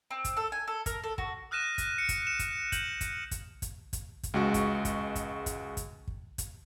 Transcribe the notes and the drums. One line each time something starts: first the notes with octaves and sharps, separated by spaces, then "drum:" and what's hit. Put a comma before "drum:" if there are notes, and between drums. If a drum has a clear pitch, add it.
C4
drum: kick, hi-hat
A4
G#5
A4
A#4, drum: kick, hi-hat
A4
F#4, drum: kick
D#6 F6 F#6 A#6 D#7 E7
drum: kick, hi-hat
C#7
drum: kick, hi-hat
C#7 E7
drum: kick, hi-hat
G6 F#7, drum: kick, hi-hat
drum: kick, hi-hat
drum: kick, hi-hat
drum: kick, hi-hat
drum: kick, hi-hat
drum: kick, hi-hat
C#2 G#3 F#4 C#6
drum: kick, hi-hat
drum: kick, hi-hat
drum: kick, hi-hat
drum: kick, hi-hat
drum: kick, hi-hat
drum: kick
drum: kick, hi-hat